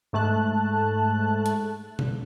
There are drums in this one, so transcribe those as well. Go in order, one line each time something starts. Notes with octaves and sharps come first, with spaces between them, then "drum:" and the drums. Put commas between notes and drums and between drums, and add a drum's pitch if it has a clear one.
G#2 A3 A5 F#6
drum: hi-hat
drum: tom B2